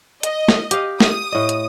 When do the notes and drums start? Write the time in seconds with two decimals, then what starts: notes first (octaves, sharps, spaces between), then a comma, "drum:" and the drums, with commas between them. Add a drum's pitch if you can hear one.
0.23 D#5, drum: hi-hat
0.48 drum: snare
0.71 G4 F5, drum: hi-hat
1.00 D#6, drum: snare
1.32 A2 D#5
1.49 drum: hi-hat